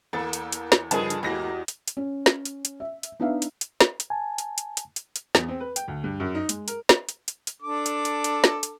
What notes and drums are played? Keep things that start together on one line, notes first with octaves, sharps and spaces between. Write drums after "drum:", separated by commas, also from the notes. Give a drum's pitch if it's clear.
E2 A#3 A4 A6
drum: hi-hat
drum: hi-hat
drum: snare
G2 C#3 F3 D#4 G#4 A#4 B4 A5, drum: hi-hat
drum: hi-hat
E2 G#2 A#3 F#4 G4 D#5 A#6
drum: hi-hat
drum: hi-hat
C#4
drum: snare
drum: hi-hat
drum: hi-hat
E5
drum: hi-hat
B3 D4 D#4 B4 E5 F5
drum: hi-hat
drum: hi-hat
drum: snare
drum: hi-hat
G#5 A5
drum: hi-hat
drum: hi-hat
drum: hi-hat
drum: hi-hat
drum: hi-hat
E2, drum: snare
C4
B4
G5, drum: hi-hat
D2
G2
F#2
D#4
G#3, drum: hi-hat
A#4, drum: hi-hat
drum: snare
drum: hi-hat
drum: hi-hat
drum: hi-hat
D4 A4 D6
drum: hi-hat
drum: hi-hat
drum: hi-hat
drum: snare
drum: hi-hat